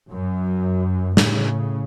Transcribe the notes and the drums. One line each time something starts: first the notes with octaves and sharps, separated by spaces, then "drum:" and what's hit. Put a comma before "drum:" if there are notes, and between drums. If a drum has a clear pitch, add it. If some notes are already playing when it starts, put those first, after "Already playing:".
F#2
A2 C#3, drum: snare